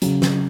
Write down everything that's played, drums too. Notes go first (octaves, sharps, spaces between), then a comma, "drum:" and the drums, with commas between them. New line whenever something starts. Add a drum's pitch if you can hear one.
C#3 F#3, drum: hi-hat
drum: snare